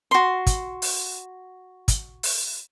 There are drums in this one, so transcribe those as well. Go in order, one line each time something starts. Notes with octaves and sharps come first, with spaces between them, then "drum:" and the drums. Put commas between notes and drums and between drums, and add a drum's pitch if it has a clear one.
F#4 C6
drum: kick, hi-hat
drum: open hi-hat
drum: kick, hi-hat
drum: open hi-hat